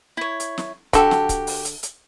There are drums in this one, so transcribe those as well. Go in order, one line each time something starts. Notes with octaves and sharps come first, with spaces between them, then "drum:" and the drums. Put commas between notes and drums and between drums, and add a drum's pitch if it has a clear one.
E4 C#5
drum: hi-hat
drum: snare
D3 F#4 G4 A4, drum: kick C#1, hi-hat
drum: snare
drum: kick C#1, hi-hat
drum: open hi-hat
drum: hi-hat
drum: hi-hat